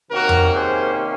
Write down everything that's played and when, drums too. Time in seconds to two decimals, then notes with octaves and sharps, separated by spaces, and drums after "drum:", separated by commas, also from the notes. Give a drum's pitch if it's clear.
0.11 C3 D#3 A#3 C#4 F#4 A#4
0.29 drum: tom F2
0.54 G#4 C5